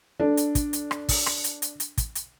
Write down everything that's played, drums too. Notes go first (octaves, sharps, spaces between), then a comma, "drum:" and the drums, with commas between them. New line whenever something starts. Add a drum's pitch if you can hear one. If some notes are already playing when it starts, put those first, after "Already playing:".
D4 A4
drum: hi-hat
drum: kick, hi-hat
drum: hi-hat
drum: rim click
drum: kick, open hi-hat
drum: rim click
drum: hi-hat
drum: hi-hat
drum: hi-hat
drum: kick, hi-hat
drum: hi-hat